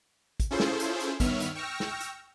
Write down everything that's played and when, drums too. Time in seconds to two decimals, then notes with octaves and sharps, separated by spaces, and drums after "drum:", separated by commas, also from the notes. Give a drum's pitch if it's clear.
0.40 drum: kick, hi-hat
0.51 C#4 E4 F4 G#4 A4 C5
0.60 drum: snare
0.80 drum: hi-hat
1.00 drum: hi-hat
1.20 G2 D#3 B3 C#5 E5 F6, drum: kick, hi-hat
1.40 drum: hi-hat
1.55 G5 C#6 E6 F6 A#6
1.80 drum: snare
2.00 drum: hi-hat